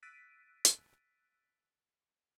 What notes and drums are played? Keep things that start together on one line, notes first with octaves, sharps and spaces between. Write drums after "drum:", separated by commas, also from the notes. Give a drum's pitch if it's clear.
E6 F#6 A6 B6 D7 D#7
drum: hi-hat